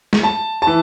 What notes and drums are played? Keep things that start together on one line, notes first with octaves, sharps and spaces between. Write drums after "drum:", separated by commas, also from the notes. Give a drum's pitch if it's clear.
drum: snare
A5
E3 A5